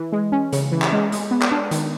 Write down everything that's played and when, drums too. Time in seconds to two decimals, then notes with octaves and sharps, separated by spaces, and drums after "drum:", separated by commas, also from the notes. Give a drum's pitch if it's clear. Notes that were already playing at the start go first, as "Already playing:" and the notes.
Already playing: E3
0.12 G#3
0.32 C#4
0.53 C#3, drum: hi-hat
0.72 E3
0.82 drum: clap
0.92 G#3
1.12 G#3, drum: hi-hat
1.31 B3
1.41 drum: clap
1.52 D4
1.71 D#3, drum: hi-hat